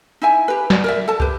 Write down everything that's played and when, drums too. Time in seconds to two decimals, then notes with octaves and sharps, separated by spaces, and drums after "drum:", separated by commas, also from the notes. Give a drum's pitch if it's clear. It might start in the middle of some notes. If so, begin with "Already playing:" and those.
0.22 D#4 E4 E5 G#5
0.48 G4 B4
0.70 D#4 F#4 D5, drum: snare
0.84 A#4 D5 E5
1.08 A4 A5
1.20 G4 B4, drum: kick